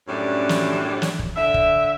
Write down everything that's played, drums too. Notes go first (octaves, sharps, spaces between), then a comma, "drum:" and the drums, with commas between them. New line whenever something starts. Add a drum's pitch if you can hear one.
F#2 A2 G3 C#4 D4
drum: snare
drum: snare
drum: kick
D3 E5
drum: kick